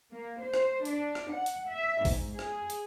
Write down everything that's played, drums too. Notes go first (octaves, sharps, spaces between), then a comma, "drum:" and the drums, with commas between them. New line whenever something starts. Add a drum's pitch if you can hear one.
A#3
C5
drum: rim click
D4, drum: hi-hat
drum: rim click
F#5
drum: hi-hat
E5
G#2, drum: kick, open hi-hat
G#4, drum: rim click
drum: hi-hat